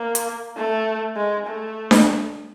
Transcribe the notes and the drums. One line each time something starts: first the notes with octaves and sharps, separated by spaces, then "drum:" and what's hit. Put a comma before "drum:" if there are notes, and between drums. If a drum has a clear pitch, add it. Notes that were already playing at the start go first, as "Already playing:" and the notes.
Already playing: A#3
drum: hi-hat
A3
G#3
A3
drum: snare D4